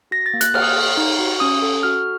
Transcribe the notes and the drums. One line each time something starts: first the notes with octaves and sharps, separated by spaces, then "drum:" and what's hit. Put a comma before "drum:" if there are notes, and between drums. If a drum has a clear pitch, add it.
F#4 A#6
A6
A#3
F#6, drum: hi-hat
A#3 F6, drum: cymbal
D#6
F6
A4
D#4
F#4
C#4 D#6
A4
F#4 F6